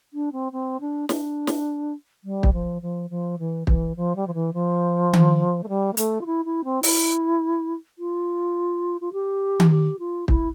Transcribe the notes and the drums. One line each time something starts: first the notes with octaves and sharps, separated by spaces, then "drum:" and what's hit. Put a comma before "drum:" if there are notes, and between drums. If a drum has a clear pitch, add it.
D4
C4
C4
D4
D4, drum: snare
drum: snare
G3
drum: kick
F3
F3
F3
E3
E3, drum: kick
F3
G3
F3
E3
F3
drum: tom D#3
A3
G3
A#3
A3, drum: hi-hat
F4
E4
E4
C4
E4, drum: open hi-hat
F4
F4
G4
drum: tom D#3
G4
F4
E4, drum: kick